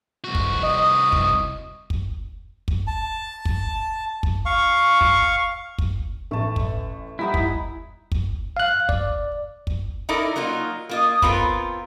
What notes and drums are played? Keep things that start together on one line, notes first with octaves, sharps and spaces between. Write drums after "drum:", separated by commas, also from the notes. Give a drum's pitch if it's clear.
C2 F#4
drum: kick
D#5 D#6
drum: kick
drum: kick
drum: kick
A5
drum: kick
drum: kick
F5 C#6
drum: kick
drum: kick
A1 A3 A5
drum: kick
G3 B3 D#4 E4 G#5
drum: kick
drum: kick
F5 F#6
D5, drum: kick
drum: kick
D#4 E4 A4 A#4 D5
F#3 A#3 D#4 F4
A#3 F4 D#5
B3 C4 F4 A4 A#4, drum: kick